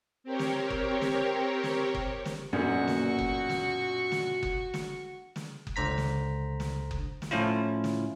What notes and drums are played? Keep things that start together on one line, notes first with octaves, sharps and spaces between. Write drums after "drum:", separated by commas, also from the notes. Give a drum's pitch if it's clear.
C4 G4 A#4 C#5
drum: snare
drum: kick F#1
drum: snare
drum: snare
drum: kick F#1
drum: snare
B1 F#2 A#2 A#3 D4 F#4 C#6
drum: snare
drum: kick F#1
drum: snare
drum: snare
drum: kick F#1
drum: snare
drum: snare
drum: kick F#1
C#2 D3 C5 A#5 B6
drum: snare
drum: snare
drum: kick F#1
drum: snare
A2 F3 C#4 E4 F4
drum: snare